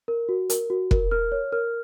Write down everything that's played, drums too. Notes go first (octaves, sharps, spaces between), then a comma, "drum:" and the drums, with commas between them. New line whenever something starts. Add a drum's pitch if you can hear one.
A#4
F#4
A#4, drum: hi-hat
F#4
A#4, drum: kick
A#4 F6
C#5
A#4 F6